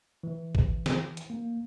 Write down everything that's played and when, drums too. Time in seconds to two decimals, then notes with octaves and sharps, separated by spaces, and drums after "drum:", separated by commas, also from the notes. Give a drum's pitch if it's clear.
0.23 E3
0.55 drum: kick
0.86 drum: snare
1.17 drum: hi-hat
1.30 A#3